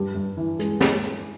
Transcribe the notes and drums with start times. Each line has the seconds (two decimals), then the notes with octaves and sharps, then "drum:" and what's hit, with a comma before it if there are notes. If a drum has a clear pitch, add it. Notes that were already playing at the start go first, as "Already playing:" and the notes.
Already playing: G2 G4
0.15 G2
0.37 E3
0.59 G#3, drum: hi-hat
0.81 drum: snare
1.02 drum: hi-hat